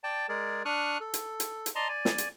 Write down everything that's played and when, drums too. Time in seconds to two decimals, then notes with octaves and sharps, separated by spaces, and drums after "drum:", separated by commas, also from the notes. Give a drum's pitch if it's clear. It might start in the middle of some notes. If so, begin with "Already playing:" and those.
0.04 D5 G5 A5
0.29 G#3 G#4 A#4 D5
0.65 D4 C#6 D#6 F6 F#6
1.00 A4
1.14 drum: hi-hat
1.40 drum: hi-hat
1.66 drum: hi-hat
1.75 D5 D#5 A5 A#5 C6
1.88 D5 G#5
2.05 drum: snare
2.18 drum: hi-hat